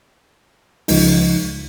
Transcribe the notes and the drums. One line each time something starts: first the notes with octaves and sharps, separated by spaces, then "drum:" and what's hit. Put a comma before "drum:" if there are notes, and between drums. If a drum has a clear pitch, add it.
C#2 C#3 F3 G#3 D#4, drum: open hi-hat